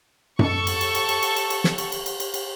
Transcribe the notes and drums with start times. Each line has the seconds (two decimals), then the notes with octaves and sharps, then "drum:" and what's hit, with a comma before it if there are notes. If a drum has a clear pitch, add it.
0.39 A4 C#6, drum: tom F#2
0.67 drum: cymbal
0.81 drum: cymbal
0.95 drum: cymbal
1.09 drum: cymbal
1.22 drum: cymbal
1.36 drum: cymbal
1.50 drum: cymbal
1.64 drum: snare
1.78 drum: cymbal
1.92 drum: cymbal
2.06 drum: cymbal
2.20 drum: cymbal
2.34 drum: cymbal